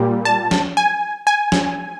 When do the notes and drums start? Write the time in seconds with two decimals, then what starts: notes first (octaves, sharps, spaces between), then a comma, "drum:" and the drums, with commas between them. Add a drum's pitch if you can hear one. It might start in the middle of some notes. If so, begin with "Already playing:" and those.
Already playing: A#2 G3
0.25 A5
0.51 drum: snare
0.77 G#5
1.27 G#5
1.52 drum: snare